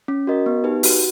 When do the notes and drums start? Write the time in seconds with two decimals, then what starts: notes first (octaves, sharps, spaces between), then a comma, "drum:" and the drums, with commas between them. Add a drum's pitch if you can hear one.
0.08 C#4
0.27 F#4 A#4 D#5
0.46 B3
0.64 D#4 G4 B4
0.83 F#4, drum: open hi-hat